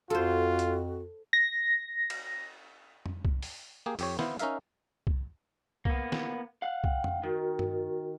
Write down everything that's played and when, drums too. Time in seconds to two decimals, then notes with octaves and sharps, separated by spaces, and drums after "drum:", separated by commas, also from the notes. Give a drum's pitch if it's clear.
0.10 F2 F4 F#4 A4 C5
0.59 drum: hi-hat
1.33 A#6
2.10 drum: cymbal
3.06 drum: tom F2
3.25 drum: kick C2
3.42 drum: open hi-hat
3.86 A#3 G4 G#4
3.99 F2 G4 C#5, drum: open hi-hat
4.19 B3 E4 C5 F5, drum: snare
4.39 C#4 D#4 A#4 E5 F5, drum: hi-hat
5.07 drum: kick C2
5.85 A#3 B3, drum: kick C2
6.12 drum: snare
6.62 F5 F#5
6.84 G5, drum: kick C2
7.04 drum: tom F2
7.23 D#3 F#4 A#4
7.59 drum: tom G2